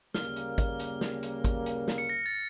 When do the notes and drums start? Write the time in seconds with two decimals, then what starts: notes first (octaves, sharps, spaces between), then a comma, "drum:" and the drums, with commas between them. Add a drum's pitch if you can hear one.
0.14 C#3 G3 A#3 F6, drum: snare
0.36 drum: hi-hat
0.58 drum: kick G#1, hi-hat
0.80 drum: hi-hat
1.01 drum: snare
1.23 drum: hi-hat
1.44 drum: kick G#1, hi-hat
1.66 drum: hi-hat
1.88 drum: snare
1.98 C#7
2.09 A#6
2.26 A6